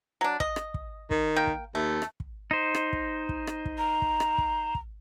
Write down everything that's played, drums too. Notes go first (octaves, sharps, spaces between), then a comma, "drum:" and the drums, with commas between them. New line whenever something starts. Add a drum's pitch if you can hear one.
F#3 D4
D#5, drum: kick
drum: rim click
drum: kick
D#3, drum: kick
A#3 G5
drum: kick
D#2 A3
drum: rim click
drum: kick
D#4 C5
drum: rim click
drum: kick
drum: kick
drum: rim click
drum: kick
A#5
drum: kick
drum: rim click
drum: kick
drum: kick